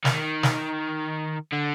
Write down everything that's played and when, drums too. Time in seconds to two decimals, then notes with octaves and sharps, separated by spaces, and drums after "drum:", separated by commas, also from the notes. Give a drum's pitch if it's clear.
0.05 D#3, drum: snare
0.43 drum: snare
1.53 D3